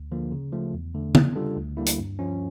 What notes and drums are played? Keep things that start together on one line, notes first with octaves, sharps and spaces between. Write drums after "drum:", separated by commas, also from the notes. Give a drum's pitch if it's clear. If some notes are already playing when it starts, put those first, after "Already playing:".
Already playing: D2
D3 F3 A#3
C#3
F3 A3
E2
D3 A3
C#3, drum: tom
G3 D4 F4 A4
D2
D3 G3 A#3 E4
drum: hi-hat
G2
F3 C#4